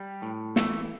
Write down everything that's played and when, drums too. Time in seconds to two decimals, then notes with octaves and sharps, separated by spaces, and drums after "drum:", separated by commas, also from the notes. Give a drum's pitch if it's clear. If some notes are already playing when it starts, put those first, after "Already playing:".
Already playing: G3
0.22 A2
0.56 E3 A3, drum: snare